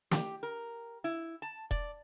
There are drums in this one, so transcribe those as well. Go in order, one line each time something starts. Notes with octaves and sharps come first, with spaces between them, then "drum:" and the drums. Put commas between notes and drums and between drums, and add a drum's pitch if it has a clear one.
G4, drum: snare
A#4
E4
A5
D5, drum: kick E1